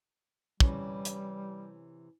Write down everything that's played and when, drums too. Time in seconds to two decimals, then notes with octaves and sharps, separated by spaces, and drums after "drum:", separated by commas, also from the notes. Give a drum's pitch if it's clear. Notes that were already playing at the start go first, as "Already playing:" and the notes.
0.60 C3 E3 G3 C#4, drum: kick
1.05 drum: hi-hat